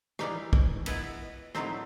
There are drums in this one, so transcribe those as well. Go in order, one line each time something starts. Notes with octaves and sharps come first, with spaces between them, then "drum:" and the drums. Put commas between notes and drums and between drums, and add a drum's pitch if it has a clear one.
E3 G3 D#4 G4, drum: rim click
drum: kick
B3 E4 B4 D#5, drum: cymbal
A2 F#3 A3 C4 D#4, drum: rim click